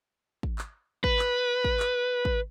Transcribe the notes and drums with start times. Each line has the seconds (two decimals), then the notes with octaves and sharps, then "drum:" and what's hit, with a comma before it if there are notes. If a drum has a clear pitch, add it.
0.43 drum: kick
0.58 drum: clap
1.04 B4, drum: kick
1.19 drum: clap
1.64 drum: kick
1.80 drum: clap
2.25 drum: kick